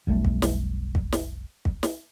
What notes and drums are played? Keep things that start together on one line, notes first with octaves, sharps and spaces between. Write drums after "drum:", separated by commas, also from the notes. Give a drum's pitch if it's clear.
F1 B1 G3 A3
drum: kick
drum: snare
drum: kick
drum: snare
drum: kick
drum: snare